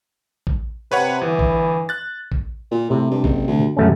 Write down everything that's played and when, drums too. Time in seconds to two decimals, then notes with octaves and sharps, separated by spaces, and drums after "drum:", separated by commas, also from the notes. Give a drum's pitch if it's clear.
0.47 drum: kick A1
0.92 C3 B4 C#5 F#5
1.21 G1 E3
1.39 drum: kick A1
1.89 F#6 A6
2.32 drum: kick A1
2.71 A#2
2.90 A2 C3
3.11 G2
3.24 F#1, drum: kick A1
3.48 D2
3.77 E1 F#2 A3 C#4